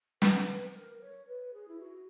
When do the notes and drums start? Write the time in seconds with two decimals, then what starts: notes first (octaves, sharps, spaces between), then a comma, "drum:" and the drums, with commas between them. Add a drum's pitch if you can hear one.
0.22 B4, drum: snare
0.74 A#4
1.01 C#5
1.27 B4
1.54 G#4
1.68 E4
1.80 F#4